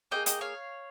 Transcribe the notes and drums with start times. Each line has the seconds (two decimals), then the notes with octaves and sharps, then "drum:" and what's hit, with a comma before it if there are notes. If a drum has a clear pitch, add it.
0.11 A#3 F4 G#4 D#5 G5
0.26 D#5 G5, drum: hi-hat
0.41 C#5 F5